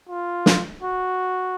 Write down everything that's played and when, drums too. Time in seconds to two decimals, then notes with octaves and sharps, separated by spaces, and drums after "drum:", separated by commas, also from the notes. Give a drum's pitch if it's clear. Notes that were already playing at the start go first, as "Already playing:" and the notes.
0.09 F4
0.46 drum: snare
0.83 F#4